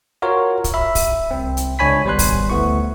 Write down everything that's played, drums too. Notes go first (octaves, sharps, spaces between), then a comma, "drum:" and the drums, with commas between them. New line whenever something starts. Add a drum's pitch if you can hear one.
F4 F#4 A#4 C#5
drum: kick, hi-hat
E5 B5
drum: kick, open hi-hat
C2 C4
drum: hi-hat
C#2 D4 C#5 G#5 B5 B6
G#1 G3 B3 C5 C6 F#6
drum: kick, open hi-hat
D2 A3 B3 E4 C#6